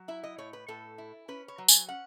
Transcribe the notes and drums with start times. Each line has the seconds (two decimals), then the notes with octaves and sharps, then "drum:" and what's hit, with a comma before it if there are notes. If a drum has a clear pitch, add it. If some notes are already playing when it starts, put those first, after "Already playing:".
Already playing: F#3
0.08 E4 E5
0.23 D#5
0.38 A2 C#5
0.53 B4
0.68 A2 A4
0.98 E4
1.28 C#4 B4
1.48 C#5
1.58 F#3
1.68 G#5, drum: tambourine
1.88 C#4 F#5